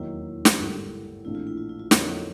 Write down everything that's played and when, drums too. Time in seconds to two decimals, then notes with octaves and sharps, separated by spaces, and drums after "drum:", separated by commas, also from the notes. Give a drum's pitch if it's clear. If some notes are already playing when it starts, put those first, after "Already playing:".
Already playing: E1 D#2 D#3 F#3 A#3 E4
0.45 drum: snare
0.57 G#1 G2 D3 G3 A#3
1.24 A#1 A2 E3 A3 C4 E4
1.35 F4
1.47 E4
1.57 F4
1.69 E4
1.80 F4
1.91 F2 D3 F#3 A#3 D#4 E4, drum: snare